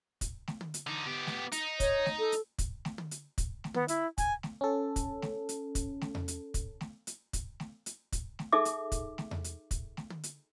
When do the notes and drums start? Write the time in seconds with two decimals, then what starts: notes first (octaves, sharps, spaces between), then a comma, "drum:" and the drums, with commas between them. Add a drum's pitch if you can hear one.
0.21 drum: kick, hi-hat
0.48 drum: snare A3
0.61 drum: tom
0.74 drum: hi-hat
0.87 D3 D#4
1.07 B3 G4
1.27 drum: snare A3
1.52 D#4, drum: hi-hat
1.80 C#5, drum: kick, hi-hat
2.06 drum: snare A3
2.19 A4
2.32 drum: hi-hat
2.59 drum: kick, hi-hat
2.85 drum: snare A3
2.98 drum: tom
3.11 drum: hi-hat
3.38 drum: kick, hi-hat
3.64 drum: snare A3
3.74 B3, drum: tom
3.88 E4, drum: hi-hat
4.18 G#5, drum: kick, hi-hat
4.43 drum: snare A3
4.61 C#4 A4
4.96 drum: kick, hi-hat
5.22 drum: snare A3
5.49 drum: hi-hat
5.75 drum: kick, hi-hat
6.01 drum: snare A3
6.15 drum: tom E2
6.28 drum: hi-hat
6.54 drum: kick, hi-hat
6.81 drum: snare A3
7.07 drum: hi-hat
7.33 drum: kick, hi-hat
7.60 drum: snare A3
7.86 drum: hi-hat
8.12 drum: kick, hi-hat
8.39 drum: snare A3
8.52 D#4 G#4 A4 E5 D6
8.65 drum: hi-hat
8.92 drum: kick, hi-hat
9.18 drum: snare A3
9.31 drum: tom E2
9.44 drum: hi-hat
9.71 drum: kick, hi-hat
9.97 drum: snare A3
10.10 drum: tom
10.24 drum: hi-hat